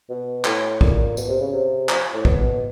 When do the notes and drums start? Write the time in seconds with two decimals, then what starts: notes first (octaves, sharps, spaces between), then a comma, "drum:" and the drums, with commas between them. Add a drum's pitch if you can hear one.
0.09 B2
0.45 A2, drum: clap
0.81 A#2, drum: kick
1.17 B2, drum: tambourine
1.29 C3
1.41 C#3
1.53 C3
1.89 F3, drum: clap
2.14 A2
2.25 B2, drum: kick